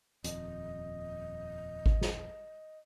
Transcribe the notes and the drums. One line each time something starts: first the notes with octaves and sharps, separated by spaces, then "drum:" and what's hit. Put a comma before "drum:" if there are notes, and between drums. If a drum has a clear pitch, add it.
D#1 F2 D#5, drum: hi-hat
drum: kick G#1
drum: snare